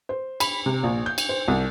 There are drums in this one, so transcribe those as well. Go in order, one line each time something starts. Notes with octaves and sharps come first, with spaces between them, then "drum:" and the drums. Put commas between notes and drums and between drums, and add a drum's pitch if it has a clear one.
C5
B5, drum: cymbal
C3
A#1
G6
drum: cymbal
C5
C2